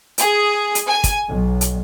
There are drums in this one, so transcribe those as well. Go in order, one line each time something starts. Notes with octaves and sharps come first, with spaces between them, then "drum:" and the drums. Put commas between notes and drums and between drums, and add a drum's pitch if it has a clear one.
G#4, drum: hi-hat
drum: hi-hat
G#5
drum: kick, hi-hat
B1
drum: hi-hat